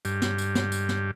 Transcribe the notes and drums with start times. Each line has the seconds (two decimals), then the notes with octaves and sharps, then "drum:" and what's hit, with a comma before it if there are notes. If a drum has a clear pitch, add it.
0.05 G2, drum: tambourine
0.22 drum: snare
0.38 drum: tambourine
0.55 drum: snare
0.72 drum: tambourine
0.89 drum: snare